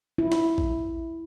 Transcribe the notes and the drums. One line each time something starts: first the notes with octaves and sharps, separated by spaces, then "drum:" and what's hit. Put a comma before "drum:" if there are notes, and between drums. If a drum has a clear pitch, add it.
E4
drum: snare
drum: kick A#1